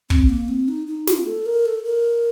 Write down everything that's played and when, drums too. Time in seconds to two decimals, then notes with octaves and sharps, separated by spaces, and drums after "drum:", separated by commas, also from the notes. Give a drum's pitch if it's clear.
0.10 C4, drum: kick
0.29 A#3
0.48 C4
0.68 D#4
0.87 D#4
1.07 F4, drum: snare
1.27 A4
1.46 A#4
1.66 A4
1.84 A#4